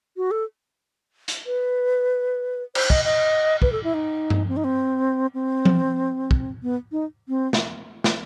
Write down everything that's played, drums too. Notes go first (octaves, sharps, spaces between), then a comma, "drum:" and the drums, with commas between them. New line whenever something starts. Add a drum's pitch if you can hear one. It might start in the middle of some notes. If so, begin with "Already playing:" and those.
F#4
A4
drum: hi-hat
B4
C5, drum: cymbal
D#5, drum: kick
D#5
B4, drum: kick
A4
E4
D#4
drum: tom G2
C4
D#4
C4
C4
drum: tom F3
drum: kick
B3
D#4
C4
drum: snare
drum: snare